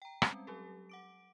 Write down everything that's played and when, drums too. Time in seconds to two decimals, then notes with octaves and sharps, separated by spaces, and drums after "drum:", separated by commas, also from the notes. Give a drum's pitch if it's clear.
0.02 G5 A#5
0.22 G3 G#3 C4 C#4, drum: rim click
0.47 F#3 G4 A4
0.90 F#5 D6 D7